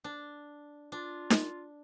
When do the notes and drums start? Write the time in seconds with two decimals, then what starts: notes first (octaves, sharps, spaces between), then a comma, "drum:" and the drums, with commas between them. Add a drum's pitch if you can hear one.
0.04 D4
0.92 D4 F4
1.30 drum: snare D#4